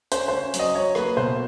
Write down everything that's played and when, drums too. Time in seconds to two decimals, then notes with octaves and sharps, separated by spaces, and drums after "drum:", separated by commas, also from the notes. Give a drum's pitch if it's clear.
0.12 C#4 C5, drum: hi-hat
0.28 C#4 C5
0.54 F#3, drum: hi-hat
0.59 D#5
0.75 F#3 C#5
0.95 A#3 B4, drum: rim click
1.17 B2 C5